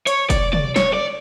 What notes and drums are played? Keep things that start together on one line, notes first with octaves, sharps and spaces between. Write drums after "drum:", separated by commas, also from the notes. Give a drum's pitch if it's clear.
C#5, drum: hi-hat
D5, drum: kick, hi-hat
D5, drum: tom
C#5, drum: snare
D5